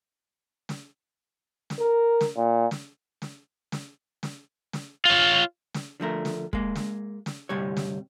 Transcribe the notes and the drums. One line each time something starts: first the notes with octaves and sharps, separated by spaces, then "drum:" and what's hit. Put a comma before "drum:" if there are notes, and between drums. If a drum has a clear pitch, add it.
drum: snare
drum: snare
A#4
drum: snare
A#2
drum: snare
drum: snare
drum: snare
drum: snare
drum: snare
F4 C#5
drum: snare
D3 F3 A3 A#4
drum: snare
G#3 A#3, drum: kick
drum: snare
drum: snare
D2 G2 C3 G3 C#5
drum: snare